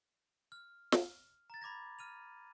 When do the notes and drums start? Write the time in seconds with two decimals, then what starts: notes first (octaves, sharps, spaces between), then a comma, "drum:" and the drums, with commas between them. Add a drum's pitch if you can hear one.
0.52 F6
0.92 drum: snare
1.50 A#5 A6
1.61 B5 D6 G#6 A#6
1.99 F6 D#7 F7